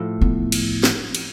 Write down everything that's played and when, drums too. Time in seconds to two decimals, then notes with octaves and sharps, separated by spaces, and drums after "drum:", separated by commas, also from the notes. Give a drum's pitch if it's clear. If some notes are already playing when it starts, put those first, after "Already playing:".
Already playing: A2 F3 A3
0.21 B3
0.52 drum: cymbal
0.83 drum: snare
1.15 drum: cymbal